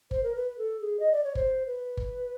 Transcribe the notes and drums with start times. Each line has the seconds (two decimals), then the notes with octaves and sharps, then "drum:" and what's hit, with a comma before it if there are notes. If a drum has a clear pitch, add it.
0.11 C5, drum: kick G1
0.23 A#4
0.35 B4
0.58 A4
0.81 G#4
1.00 D#5
1.12 D5
1.24 C#5
1.35 C5, drum: kick G1
1.67 B4
1.97 drum: kick G1